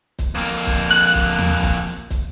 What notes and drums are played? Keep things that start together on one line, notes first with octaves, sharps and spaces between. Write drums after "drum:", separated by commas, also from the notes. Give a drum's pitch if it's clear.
drum: kick, hi-hat
F2 A#3
drum: kick, hi-hat
F#6, drum: hi-hat
drum: kick, hi-hat
drum: tom D#2
drum: kick, hi-hat
drum: hi-hat
drum: kick, hi-hat